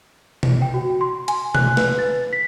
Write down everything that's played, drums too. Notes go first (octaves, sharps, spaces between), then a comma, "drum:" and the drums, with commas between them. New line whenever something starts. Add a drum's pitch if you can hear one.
drum: tom B2
G5
F#4
C6
G#5, drum: hi-hat
F#6, drum: tom B2
B4, drum: snare
A6
B6